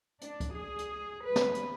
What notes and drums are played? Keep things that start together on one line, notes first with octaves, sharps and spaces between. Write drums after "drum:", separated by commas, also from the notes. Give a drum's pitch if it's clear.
D4, drum: hi-hat
drum: kick C#2, hi-hat
G#4
drum: hi-hat
B4
drum: snare
drum: hi-hat